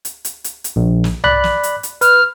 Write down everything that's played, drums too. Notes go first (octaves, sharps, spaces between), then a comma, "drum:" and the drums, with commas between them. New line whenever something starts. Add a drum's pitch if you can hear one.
drum: hi-hat
drum: hi-hat
drum: hi-hat
drum: hi-hat
A#1
drum: snare
D5 B5 F#6, drum: tom
drum: snare
drum: hi-hat
drum: hi-hat
B4 F6, drum: hi-hat